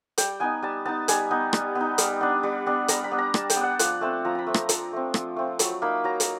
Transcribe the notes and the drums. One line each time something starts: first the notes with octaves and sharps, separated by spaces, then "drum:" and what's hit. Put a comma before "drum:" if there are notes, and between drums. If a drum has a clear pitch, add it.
G3 G5, drum: hi-hat
B3 D#4 G#5
G3 A5
B3 D#4 A5
G3 G#5, drum: hi-hat
B3 D#4
G3, drum: rim click
B3
D#4
G3, drum: hi-hat
B3 D4
G3
B3 D4
G3 A#5, drum: hi-hat
B5
B3 D4
A#5
G3 A5, drum: rim click
G5, drum: hi-hat
B3
D4 F#5
F3 F#5, drum: hi-hat
A3 C4 A5
F3 A#5
A#5 B5
A3 C4
A#5, drum: rim click
F3 A#5, drum: hi-hat
A3 C4
F3, drum: rim click
A3 C4
F#3 B5, drum: hi-hat
A#3 D#4 B5
F#3 A#5
drum: hi-hat